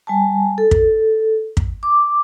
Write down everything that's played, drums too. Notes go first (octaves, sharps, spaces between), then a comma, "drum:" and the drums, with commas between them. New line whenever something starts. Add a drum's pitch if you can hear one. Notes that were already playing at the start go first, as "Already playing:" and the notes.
G3 G#5 A5
A4
drum: kick
drum: kick
D6